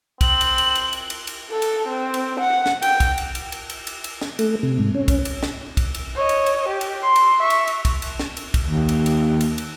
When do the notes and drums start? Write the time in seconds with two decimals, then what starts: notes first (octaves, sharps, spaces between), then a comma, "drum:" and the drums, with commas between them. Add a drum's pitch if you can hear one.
0.21 C4 F#7, drum: kick, cymbal
0.41 drum: cymbal
0.58 drum: cymbal
0.75 drum: cymbal
0.93 drum: cymbal
1.10 drum: cymbal
1.27 drum: cymbal
1.50 A4
1.62 drum: cymbal
1.88 C4
2.14 drum: cymbal
2.40 F#5
2.66 drum: snare
2.82 G5, drum: cymbal
3.00 drum: kick, cymbal
3.18 drum: cymbal
3.35 drum: cymbal
3.52 drum: cymbal
3.70 drum: cymbal
3.87 drum: cymbal
4.04 drum: cymbal
4.21 drum: snare
4.39 A3, drum: cymbal
4.63 C3
4.79 G#2
4.95 C#4
5.08 drum: kick, cymbal
5.25 drum: cymbal
5.43 drum: snare
5.77 drum: kick, cymbal
5.95 drum: cymbal
6.16 C#5 D#5
6.29 drum: cymbal
6.46 drum: cymbal
6.69 G4
6.81 drum: cymbal
7.03 C6
7.16 drum: cymbal
7.39 E5 C#6
7.50 drum: cymbal
7.68 drum: cymbal
7.85 drum: kick, cymbal
8.02 drum: cymbal
8.19 drum: snare
8.37 drum: cymbal
8.54 drum: kick, cymbal
8.66 D#2
8.89 drum: cymbal
9.06 drum: cymbal
9.41 drum: cymbal
9.58 drum: cymbal